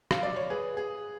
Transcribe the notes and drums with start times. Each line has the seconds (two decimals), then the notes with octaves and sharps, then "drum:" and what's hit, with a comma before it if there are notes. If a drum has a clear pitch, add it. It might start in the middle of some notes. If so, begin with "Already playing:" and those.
0.11 F5, drum: rim click
0.23 D5
0.36 C#5
0.50 G#4 B4
0.77 G#4